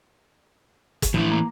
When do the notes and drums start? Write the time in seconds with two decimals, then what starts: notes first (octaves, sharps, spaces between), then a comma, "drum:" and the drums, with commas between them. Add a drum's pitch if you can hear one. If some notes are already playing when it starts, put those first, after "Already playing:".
1.02 drum: kick G1, hi-hat
1.14 A2 E3 F3 A3 D4
1.31 A#3 A#5